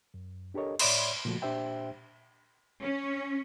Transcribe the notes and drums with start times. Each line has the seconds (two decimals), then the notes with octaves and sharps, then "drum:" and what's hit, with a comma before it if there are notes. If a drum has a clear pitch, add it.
0.14 F#2
0.54 D4 G4 A4 A#4 C#5 D#5
0.79 A2 C#5 D5 E5 B5 C6, drum: cymbal
1.25 A#2 C#3 F3 A3 F#4
1.42 A#2 D4 G4 C5 E5 G5
2.81 C#4